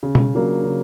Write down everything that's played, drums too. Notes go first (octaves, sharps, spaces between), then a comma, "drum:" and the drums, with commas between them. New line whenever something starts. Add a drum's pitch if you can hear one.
C#3
drum: tom B2
F#3 A#3 D4 F4
C#3